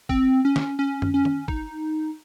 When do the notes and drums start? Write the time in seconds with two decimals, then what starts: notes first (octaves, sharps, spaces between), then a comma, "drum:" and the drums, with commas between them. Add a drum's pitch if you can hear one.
0.09 C4, drum: kick
0.45 C#4
0.56 drum: snare
0.79 C#4
1.02 drum: tom F#2
1.14 C#4
1.25 drum: tom D#3
1.48 D#4, drum: kick